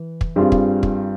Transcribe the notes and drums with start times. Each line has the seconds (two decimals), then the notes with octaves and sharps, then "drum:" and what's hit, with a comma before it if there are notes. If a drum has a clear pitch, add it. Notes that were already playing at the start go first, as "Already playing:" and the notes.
Already playing: E3
0.21 drum: kick
0.36 G2 G3 C4 F4 G#4
0.52 drum: kick
0.83 drum: kick